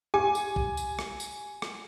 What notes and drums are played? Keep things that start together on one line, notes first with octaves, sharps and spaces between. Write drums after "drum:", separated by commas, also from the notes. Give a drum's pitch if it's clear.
G4 G#5 D6
drum: tambourine
drum: kick
drum: tambourine
drum: rim click
drum: tambourine
drum: rim click